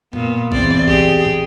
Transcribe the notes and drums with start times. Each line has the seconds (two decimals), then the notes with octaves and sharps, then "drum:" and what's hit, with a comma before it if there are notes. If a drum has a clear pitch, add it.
0.13 A#2 B3, drum: tom F#2
0.52 E2 C4 D5, drum: kick G#1
0.87 G4 G#4, drum: kick G#1
1.25 drum: tom